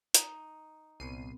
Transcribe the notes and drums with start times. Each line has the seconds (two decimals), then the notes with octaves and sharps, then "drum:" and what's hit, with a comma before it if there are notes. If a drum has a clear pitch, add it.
0.14 D#4, drum: hi-hat
1.00 C2 A#2 B3 C4 C7 D#7